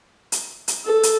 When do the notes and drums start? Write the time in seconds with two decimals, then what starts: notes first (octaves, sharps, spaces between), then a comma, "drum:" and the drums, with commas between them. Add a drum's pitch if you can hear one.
0.32 drum: hi-hat
0.68 drum: hi-hat
0.85 A4
1.03 drum: hi-hat